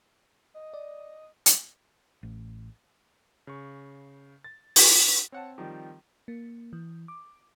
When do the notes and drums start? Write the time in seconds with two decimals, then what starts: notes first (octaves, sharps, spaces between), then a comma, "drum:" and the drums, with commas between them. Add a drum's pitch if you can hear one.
0.54 D#5
0.74 D5
1.46 drum: hi-hat
2.23 A1
3.47 C#3 C#6
4.44 A6
4.76 drum: open hi-hat
5.32 C4 C#5 F#5 A5
5.58 D#3 F3 G3
6.28 A#3
6.73 E3
7.08 D6